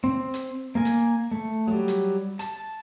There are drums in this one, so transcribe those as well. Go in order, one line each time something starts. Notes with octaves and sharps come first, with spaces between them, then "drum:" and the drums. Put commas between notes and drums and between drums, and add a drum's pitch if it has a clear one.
C4
drum: hi-hat
A#3 A#4 G#5
drum: hi-hat
A3
F#3 G3
drum: hi-hat
A5, drum: hi-hat